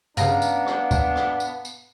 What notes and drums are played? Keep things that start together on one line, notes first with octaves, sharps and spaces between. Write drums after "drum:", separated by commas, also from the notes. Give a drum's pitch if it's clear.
G2 C#3 B3 D4 F5 A#5, drum: tambourine
drum: tambourine
drum: rim click
drum: kick, tambourine
drum: rim click
drum: tambourine
drum: tambourine